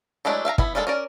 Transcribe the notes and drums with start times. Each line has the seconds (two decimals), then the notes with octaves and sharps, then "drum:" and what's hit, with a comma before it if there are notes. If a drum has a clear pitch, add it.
0.25 F#3 G#3 A3 D4 E4
0.45 E5 F5 G5 A#5
0.58 B3 E4, drum: kick
0.75 G3 G#3 A#3 D4 A4
0.87 C#4 A#4 D5